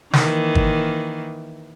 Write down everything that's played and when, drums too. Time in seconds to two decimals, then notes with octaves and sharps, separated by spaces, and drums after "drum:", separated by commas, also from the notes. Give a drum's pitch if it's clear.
0.13 D#3 E3 A#3, drum: snare
0.55 drum: kick G1